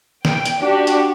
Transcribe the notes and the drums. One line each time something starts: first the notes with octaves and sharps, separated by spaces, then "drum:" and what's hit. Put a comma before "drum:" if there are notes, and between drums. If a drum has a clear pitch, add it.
G5, drum: snare
drum: hi-hat
D4 F#4 G4
drum: hi-hat